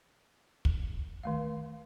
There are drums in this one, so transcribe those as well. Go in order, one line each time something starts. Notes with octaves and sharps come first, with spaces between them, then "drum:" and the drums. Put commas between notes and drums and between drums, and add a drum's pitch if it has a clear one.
drum: kick
D#3 A3 F5